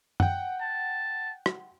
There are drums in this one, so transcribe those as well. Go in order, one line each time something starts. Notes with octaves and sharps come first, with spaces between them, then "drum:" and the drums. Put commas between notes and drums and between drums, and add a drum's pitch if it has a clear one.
F#5 G5, drum: tom
A5
drum: rim click